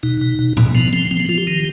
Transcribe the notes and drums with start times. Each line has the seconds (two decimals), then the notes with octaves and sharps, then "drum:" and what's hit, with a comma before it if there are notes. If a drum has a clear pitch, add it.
0.03 B2 D#4
0.21 B2
0.39 B2
0.57 B2, drum: tom A2
0.75 F3 B3
0.93 F3 C4
1.11 F3 C4
1.20 B3
1.29 F3 F4
1.38 G4
1.47 D#3